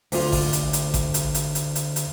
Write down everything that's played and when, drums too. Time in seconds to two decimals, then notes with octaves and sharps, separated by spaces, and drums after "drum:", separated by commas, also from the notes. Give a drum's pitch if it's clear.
0.12 D2 F4, drum: open hi-hat
0.32 drum: kick G#1, open hi-hat
0.53 drum: hi-hat
0.73 drum: hi-hat
0.94 drum: kick G#1, hi-hat
1.14 drum: hi-hat
1.35 drum: hi-hat
1.55 drum: hi-hat
1.75 drum: hi-hat
1.96 drum: hi-hat